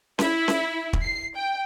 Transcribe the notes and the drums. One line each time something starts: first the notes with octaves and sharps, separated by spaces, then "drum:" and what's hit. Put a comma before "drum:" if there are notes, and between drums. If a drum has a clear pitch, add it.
E4, drum: snare C#4
drum: snare C#4
drum: kick
C7
G5